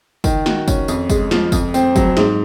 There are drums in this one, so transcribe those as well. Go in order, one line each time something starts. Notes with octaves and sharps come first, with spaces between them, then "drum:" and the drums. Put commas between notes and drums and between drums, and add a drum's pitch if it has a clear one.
D#3, drum: kick, tambourine
F#4, drum: snare
C#4, drum: kick, tambourine
F2, drum: tambourine
G#3, drum: kick, tambourine
F3, drum: snare
F2, drum: kick, tambourine
C4, drum: tambourine
F#3, drum: kick, tambourine
G#2, drum: snare